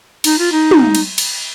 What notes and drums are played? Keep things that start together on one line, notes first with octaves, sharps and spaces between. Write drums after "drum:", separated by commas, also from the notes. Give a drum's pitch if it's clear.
D#4, drum: cymbal
F4
D#4
drum: tom
drum: cymbal
drum: cymbal